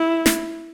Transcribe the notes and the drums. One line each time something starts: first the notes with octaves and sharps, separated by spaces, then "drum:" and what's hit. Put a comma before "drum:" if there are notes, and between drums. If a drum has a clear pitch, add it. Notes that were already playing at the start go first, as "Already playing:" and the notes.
Already playing: E4
drum: snare